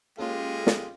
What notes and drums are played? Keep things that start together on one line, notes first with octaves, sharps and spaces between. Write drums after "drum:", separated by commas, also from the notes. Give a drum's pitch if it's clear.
G#3 A#3 C#4 F4 G4 A4
drum: snare